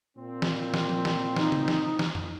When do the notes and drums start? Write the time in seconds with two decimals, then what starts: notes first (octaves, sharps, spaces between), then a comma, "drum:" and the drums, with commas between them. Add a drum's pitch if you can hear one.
0.17 A#2 C4
0.42 drum: snare
0.74 drum: snare
0.89 drum: tom F3
1.05 drum: snare
1.36 D#4, drum: snare
1.52 drum: tom C#3
1.68 drum: snare
1.99 drum: snare
2.15 drum: tom F2